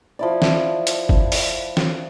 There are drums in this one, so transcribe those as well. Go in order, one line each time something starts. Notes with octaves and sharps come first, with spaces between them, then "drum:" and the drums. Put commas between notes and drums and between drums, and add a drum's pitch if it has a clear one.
F3 E4 D5
drum: snare
drum: hi-hat
drum: kick G1
drum: open hi-hat
drum: snare